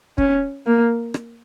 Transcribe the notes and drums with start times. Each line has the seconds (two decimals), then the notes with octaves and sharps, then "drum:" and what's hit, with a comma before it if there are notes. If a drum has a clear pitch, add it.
0.18 C#4, drum: kick
0.66 A#3
1.14 drum: rim click